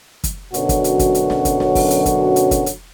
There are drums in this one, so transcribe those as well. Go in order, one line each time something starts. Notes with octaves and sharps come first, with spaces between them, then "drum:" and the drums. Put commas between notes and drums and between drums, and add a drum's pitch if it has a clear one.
drum: kick, hi-hat
F#2 B2 D3 F#3 C#4 F#4, drum: hi-hat
drum: kick, hi-hat
drum: hi-hat
drum: kick, hi-hat
drum: hi-hat
drum: snare
drum: kick, hi-hat
drum: snare
drum: kick, open hi-hat
drum: hi-hat
drum: kick, hi-hat
drum: hi-hat
drum: kick, hi-hat
drum: hi-hat